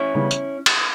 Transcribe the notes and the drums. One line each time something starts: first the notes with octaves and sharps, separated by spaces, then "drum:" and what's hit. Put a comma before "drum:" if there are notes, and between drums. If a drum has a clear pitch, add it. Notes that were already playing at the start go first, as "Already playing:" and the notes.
Already playing: C#4 E4
C#3 E3 G3 B3
drum: tambourine
drum: cymbal